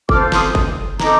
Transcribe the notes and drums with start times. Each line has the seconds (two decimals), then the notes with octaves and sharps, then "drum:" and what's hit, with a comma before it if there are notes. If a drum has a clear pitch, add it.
0.09 F4 A4 C5 D6 F6, drum: kick F#1
0.32 C6 D#6, drum: snare
0.55 drum: kick F#1
1.00 D#4 A4 C5 A#5 D6, drum: snare